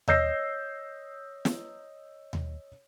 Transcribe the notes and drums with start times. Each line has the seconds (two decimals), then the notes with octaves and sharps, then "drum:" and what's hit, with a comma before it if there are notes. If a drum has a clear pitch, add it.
0.08 C#5 D#5 E6 G6 A#6 C7, drum: tom D#2
1.45 drum: snare
2.33 drum: tom D#2